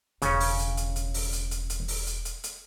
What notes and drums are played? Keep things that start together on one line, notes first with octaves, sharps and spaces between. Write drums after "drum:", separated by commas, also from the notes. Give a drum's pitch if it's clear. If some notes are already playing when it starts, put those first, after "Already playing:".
E1 C#3 C#4, drum: hi-hat
drum: open hi-hat
drum: hi-hat
drum: hi-hat
drum: hi-hat
drum: open hi-hat
drum: hi-hat
drum: hi-hat
drum: hi-hat
drum: open hi-hat
drum: hi-hat
drum: hi-hat
drum: hi-hat